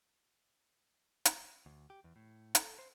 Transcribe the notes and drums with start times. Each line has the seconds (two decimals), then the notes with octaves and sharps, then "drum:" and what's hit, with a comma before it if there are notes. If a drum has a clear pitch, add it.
1.25 drum: hi-hat
1.66 D2
1.90 G4
2.04 E2
2.16 A2
2.55 A4, drum: hi-hat
2.79 C5